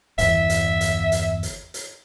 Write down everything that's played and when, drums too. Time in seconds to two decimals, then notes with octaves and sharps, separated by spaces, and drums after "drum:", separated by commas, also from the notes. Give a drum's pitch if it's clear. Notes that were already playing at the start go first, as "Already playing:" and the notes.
0.18 G1 E2 E5, drum: hi-hat
0.50 drum: hi-hat
0.81 drum: hi-hat
1.12 drum: hi-hat
1.43 drum: hi-hat
1.74 drum: hi-hat